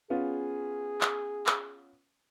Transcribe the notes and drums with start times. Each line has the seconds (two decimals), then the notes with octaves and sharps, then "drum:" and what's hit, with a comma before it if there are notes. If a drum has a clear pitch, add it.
0.10 B3 C#4 F4 G#4
1.01 drum: clap
1.46 drum: clap